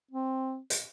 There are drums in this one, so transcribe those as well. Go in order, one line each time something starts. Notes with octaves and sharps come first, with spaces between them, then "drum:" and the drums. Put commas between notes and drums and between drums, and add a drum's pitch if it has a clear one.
C4
drum: hi-hat